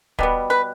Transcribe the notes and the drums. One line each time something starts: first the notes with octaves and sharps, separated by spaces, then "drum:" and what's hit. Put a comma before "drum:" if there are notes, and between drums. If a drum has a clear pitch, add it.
B2 G3 B3, drum: kick
B4